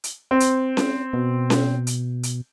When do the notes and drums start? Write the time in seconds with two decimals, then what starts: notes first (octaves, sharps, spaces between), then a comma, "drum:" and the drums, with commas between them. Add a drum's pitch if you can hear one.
0.04 drum: hi-hat
0.31 C4
0.40 drum: hi-hat
0.77 drum: snare C#4
1.13 B2
1.50 drum: snare C#4
1.87 drum: hi-hat
2.23 drum: hi-hat